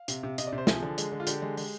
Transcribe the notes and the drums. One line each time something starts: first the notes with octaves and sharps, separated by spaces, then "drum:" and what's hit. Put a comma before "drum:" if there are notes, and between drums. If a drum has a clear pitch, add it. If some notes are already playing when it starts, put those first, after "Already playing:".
Already playing: F5
C3, drum: hi-hat
C3
C3 D#5, drum: hi-hat
D5
C3
C5
F3 G#4, drum: snare
D3
G#3, drum: hi-hat
D3
F4
D3 G4, drum: hi-hat
G#3
G#3, drum: open hi-hat